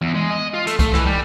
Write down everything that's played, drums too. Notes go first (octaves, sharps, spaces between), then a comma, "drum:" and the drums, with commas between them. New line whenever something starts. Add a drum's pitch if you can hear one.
E2
G#3
D#5
F4
A3, drum: hi-hat
A3, drum: kick C2, hi-hat
E3, drum: rim click
G3